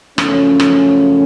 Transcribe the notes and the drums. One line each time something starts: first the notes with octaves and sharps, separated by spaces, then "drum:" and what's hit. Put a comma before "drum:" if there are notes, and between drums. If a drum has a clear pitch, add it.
F#2 C#3 F3 A3 C#4, drum: rim click
drum: rim click